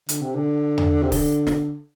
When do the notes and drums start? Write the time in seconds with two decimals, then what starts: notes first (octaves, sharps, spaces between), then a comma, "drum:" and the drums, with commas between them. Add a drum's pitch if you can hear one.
0.09 D3, drum: hi-hat
0.21 C3
0.35 D3
0.78 drum: tom E2
1.03 C3
1.12 D3, drum: kick, open hi-hat
1.47 drum: snare